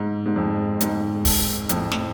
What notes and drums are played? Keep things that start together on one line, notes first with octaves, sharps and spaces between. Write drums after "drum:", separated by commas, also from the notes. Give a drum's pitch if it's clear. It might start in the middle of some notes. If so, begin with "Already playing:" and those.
Already playing: G#2
G#2
F2
G#2, drum: hi-hat
drum: kick, open hi-hat
F2 A2, drum: hi-hat
A2, drum: snare